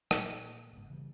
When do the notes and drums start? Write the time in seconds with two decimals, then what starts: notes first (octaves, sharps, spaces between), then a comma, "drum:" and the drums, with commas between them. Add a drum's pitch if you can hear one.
0.11 A#2 A#3 C4, drum: rim click
0.73 F#1 G#2 B3
0.90 C#3 E3 G3 A3